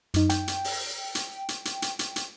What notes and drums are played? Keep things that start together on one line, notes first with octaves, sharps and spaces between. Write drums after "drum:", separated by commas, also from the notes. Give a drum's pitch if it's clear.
F#2 D#4, drum: hi-hat
G5, drum: hi-hat
drum: hi-hat
drum: open hi-hat
drum: hi-hat
drum: hi-hat
drum: hi-hat
drum: hi-hat
drum: hi-hat
drum: hi-hat